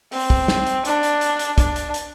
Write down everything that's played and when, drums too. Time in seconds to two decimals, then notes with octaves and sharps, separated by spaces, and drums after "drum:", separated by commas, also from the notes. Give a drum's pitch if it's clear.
0.12 C4, drum: open hi-hat
0.30 drum: kick
0.48 drum: snare
0.67 drum: hi-hat
0.85 D4, drum: hi-hat
1.03 drum: hi-hat
1.21 drum: hi-hat
1.39 drum: hi-hat
1.58 D4, drum: kick, hi-hat
1.76 drum: hi-hat
1.94 drum: hi-hat